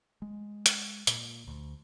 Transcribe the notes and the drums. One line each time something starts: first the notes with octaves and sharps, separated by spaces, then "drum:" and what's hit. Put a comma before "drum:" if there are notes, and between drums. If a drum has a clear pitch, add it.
G#3
drum: hi-hat
A#2, drum: hi-hat
D2